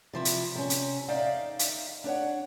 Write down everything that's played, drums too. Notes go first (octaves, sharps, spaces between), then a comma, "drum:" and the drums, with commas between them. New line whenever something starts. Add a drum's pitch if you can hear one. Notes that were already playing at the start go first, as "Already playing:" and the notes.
C3 F3 E4
drum: hi-hat
C3 C#4
drum: hi-hat
D#4 D5 E5 F5 G5
drum: hi-hat
D4 C#5 F#5